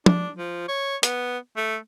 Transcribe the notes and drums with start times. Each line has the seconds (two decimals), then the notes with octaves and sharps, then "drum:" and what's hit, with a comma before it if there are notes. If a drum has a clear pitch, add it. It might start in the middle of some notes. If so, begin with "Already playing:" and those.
0.06 D4, drum: tom
0.38 F3
0.69 C#5
1.03 B3, drum: hi-hat
1.57 A3